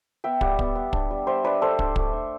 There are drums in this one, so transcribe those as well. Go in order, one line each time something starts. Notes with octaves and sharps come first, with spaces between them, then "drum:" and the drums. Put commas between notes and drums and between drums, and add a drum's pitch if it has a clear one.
B3 E5 G5
G3 D5 F#5, drum: kick
B3, drum: kick
B3
D4, drum: kick
G3
G3 C5 E5
D4 B4 D5
D4 A4 C5
D4, drum: kick
A3, drum: kick
D4